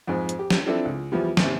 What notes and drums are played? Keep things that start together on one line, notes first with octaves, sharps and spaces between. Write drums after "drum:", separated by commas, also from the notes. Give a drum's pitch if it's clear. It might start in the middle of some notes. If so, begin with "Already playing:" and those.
F2 G#2
drum: hi-hat
G4
drum: snare
F3 C4 D4 E4 A4
C#2
E2 F3 G3 B3
D#2 G#2 C3, drum: snare